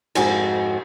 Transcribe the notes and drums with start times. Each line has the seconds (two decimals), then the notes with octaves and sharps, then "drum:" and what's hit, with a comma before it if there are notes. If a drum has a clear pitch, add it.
0.15 F2 G#2 F#4, drum: cymbal